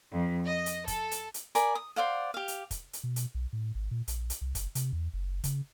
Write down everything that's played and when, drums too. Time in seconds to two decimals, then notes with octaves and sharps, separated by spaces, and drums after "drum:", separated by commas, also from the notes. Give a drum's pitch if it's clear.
0.12 F2
0.45 D#5
0.66 drum: hi-hat
0.88 A4, drum: kick, hi-hat
1.11 drum: hi-hat
1.34 drum: hi-hat
1.55 A#4 D5 G#5 B5, drum: hi-hat
1.75 D#6
1.96 C5 D5 F5 F#5
2.34 G4 F5
2.48 drum: hi-hat
2.71 drum: kick, hi-hat
2.93 drum: hi-hat
3.04 B2
3.16 drum: hi-hat
3.35 B1
3.53 A2
3.75 G#1
3.91 A#2
4.08 A#1, drum: hi-hat
4.30 drum: hi-hat
4.41 C2
4.55 F#1, drum: kick, hi-hat
4.75 C3, drum: hi-hat
4.92 E2
5.13 F#1
5.44 C#3, drum: kick, hi-hat